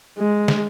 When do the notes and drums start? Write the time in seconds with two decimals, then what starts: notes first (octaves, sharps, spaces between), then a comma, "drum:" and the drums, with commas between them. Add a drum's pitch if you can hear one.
0.19 G#3
0.48 drum: snare